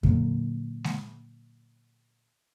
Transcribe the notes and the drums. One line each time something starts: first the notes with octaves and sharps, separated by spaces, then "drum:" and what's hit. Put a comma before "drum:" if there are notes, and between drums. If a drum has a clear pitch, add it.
A#2 D3 F#3 A#3, drum: kick F2
drum: snare G#3